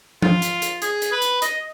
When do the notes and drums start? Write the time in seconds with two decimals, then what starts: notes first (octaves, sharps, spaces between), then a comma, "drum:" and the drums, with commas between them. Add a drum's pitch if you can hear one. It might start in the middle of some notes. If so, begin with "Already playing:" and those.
0.22 F4, drum: tom F3
0.42 drum: hi-hat
0.62 drum: hi-hat
0.82 G#4, drum: hi-hat
1.02 drum: hi-hat
1.12 B4
1.22 drum: hi-hat
1.42 D#5, drum: hi-hat